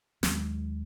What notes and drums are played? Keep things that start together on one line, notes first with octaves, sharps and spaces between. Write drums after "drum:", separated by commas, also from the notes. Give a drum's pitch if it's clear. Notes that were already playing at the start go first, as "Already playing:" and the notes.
D#2 D#3 F#3 G#3, drum: snare